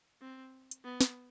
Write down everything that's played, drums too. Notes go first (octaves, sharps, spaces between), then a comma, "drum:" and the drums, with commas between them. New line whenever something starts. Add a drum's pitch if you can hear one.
C4
drum: hi-hat
B3
drum: snare